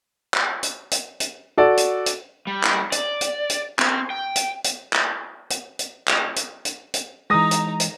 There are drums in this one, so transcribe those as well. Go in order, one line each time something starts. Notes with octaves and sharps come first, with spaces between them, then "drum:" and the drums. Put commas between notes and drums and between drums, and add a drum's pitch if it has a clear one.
drum: clap
drum: hi-hat
drum: hi-hat
drum: hi-hat
F#4 A4 D5
drum: hi-hat
drum: hi-hat
G3
drum: clap
D5, drum: hi-hat
drum: hi-hat
drum: hi-hat
C4, drum: clap
G5
drum: hi-hat
drum: hi-hat
drum: clap
drum: hi-hat
drum: hi-hat
drum: clap
drum: hi-hat
drum: hi-hat
drum: hi-hat
E3 G#3 D#4 A#5 D#6 A#6
drum: hi-hat
drum: hi-hat